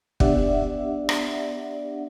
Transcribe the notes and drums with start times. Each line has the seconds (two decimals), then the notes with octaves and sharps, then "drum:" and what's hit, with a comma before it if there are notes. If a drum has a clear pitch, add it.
0.20 B3 D4 G4 D5 E5 F#5, drum: kick
1.09 drum: rim click